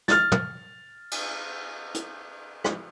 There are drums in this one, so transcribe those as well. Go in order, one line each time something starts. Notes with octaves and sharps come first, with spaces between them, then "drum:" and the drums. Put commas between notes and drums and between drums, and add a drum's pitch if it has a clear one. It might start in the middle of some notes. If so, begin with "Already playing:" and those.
F6 A6, drum: snare
drum: tom
drum: cymbal
drum: hi-hat
drum: rim click